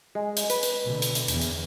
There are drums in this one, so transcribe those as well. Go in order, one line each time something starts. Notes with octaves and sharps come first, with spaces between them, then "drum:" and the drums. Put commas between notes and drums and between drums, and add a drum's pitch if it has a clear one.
G#3
drum: hi-hat
B4, drum: hi-hat
drum: hi-hat
B2 D3
drum: hi-hat
drum: hi-hat
E2, drum: hi-hat
drum: hi-hat